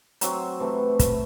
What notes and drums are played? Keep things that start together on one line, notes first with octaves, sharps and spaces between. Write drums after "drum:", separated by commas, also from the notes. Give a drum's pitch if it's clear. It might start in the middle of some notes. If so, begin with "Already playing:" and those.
F#3 C4 F#4, drum: hi-hat
C3 E3 A3
drum: kick, hi-hat